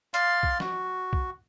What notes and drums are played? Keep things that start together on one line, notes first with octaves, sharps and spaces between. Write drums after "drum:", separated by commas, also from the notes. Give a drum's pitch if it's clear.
D5 F5 C6, drum: hi-hat
drum: kick B1
F#4, drum: snare
drum: kick B1